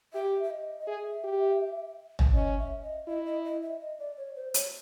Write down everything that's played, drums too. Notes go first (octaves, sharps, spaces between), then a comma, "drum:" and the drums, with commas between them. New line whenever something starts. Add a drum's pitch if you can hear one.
G4 E5
E5
D#5
D#5
G#4 E5
G4
drum: tom
C#4 D#5
E5
D#5
E4 D#5
D#5
D#5
E5
D#5
D5
C#5
C5
C#5, drum: hi-hat